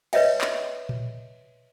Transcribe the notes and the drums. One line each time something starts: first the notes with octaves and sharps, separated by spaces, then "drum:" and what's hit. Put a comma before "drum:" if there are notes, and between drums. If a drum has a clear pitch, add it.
B4 C#5 D#5 E5 G5, drum: cymbal
drum: clap
drum: tom A#2